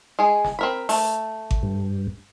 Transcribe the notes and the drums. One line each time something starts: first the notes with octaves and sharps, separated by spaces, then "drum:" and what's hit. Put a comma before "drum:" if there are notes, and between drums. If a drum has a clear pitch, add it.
G#3 G#4
drum: snare
C4 A#4 B5
A3, drum: open hi-hat
drum: kick G#1
G2